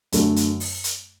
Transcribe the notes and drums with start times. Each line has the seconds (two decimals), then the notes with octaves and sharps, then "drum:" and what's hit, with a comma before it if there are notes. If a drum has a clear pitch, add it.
0.12 F#2 D3 F#3 A3, drum: hi-hat
0.36 drum: hi-hat
0.60 drum: open hi-hat
0.84 drum: hi-hat